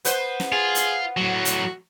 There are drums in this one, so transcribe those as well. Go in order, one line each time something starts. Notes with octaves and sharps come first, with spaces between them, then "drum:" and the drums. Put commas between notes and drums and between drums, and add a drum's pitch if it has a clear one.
B3 B4 C5, drum: hi-hat
drum: snare
F4 G#4
drum: hi-hat
A2 F#3 F#4
drum: hi-hat